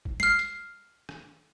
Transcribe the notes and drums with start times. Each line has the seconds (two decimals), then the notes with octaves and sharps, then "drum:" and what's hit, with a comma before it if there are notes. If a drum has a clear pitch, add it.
0.05 drum: kick
0.20 F6 C7, drum: tom G3
0.39 drum: hi-hat
1.09 drum: rim click